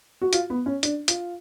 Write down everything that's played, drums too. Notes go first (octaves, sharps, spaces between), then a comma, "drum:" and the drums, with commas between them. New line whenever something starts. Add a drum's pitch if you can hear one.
F#4
F4, drum: hi-hat
B3
C#4
D4, drum: hi-hat
F4, drum: hi-hat